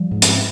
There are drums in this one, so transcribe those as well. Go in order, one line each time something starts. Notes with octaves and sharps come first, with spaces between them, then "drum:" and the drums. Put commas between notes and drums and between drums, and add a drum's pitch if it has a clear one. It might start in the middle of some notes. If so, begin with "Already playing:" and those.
Already playing: F3 G3
G#2
drum: hi-hat